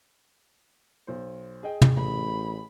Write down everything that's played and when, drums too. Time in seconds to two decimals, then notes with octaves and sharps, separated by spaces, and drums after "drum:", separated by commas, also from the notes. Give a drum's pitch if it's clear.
1.07 B1 C5
1.63 G#4 D#5 G5
1.82 drum: tom
1.96 A1 B5